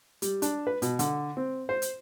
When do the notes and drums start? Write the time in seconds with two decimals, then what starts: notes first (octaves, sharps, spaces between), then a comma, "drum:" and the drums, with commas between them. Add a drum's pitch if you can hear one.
0.22 G3, drum: hi-hat
0.42 D4, drum: hi-hat
0.67 B4
0.82 B2, drum: hi-hat
0.99 D3, drum: hi-hat
1.37 C4
1.69 C5
1.82 drum: hi-hat